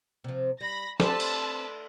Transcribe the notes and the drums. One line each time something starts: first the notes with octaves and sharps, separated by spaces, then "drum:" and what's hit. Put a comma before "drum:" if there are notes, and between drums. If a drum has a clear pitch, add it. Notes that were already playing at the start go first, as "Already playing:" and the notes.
C3 F3
G3 B5 A#6
C4 G4 A4 B4 D5 A5 C6, drum: snare
drum: cymbal